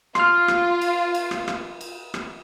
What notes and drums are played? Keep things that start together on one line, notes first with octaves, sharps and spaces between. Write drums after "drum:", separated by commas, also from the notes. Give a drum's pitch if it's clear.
F4 C6 F6, drum: rim click
drum: rim click
drum: cymbal
drum: cymbal
drum: rim click
drum: rim click
drum: cymbal
drum: rim click